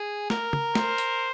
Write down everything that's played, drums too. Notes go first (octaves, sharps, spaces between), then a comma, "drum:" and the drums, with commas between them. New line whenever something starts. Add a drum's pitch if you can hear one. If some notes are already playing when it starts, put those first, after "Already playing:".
Already playing: G#4
A#4, drum: snare
drum: tom
C5, drum: snare
drum: hi-hat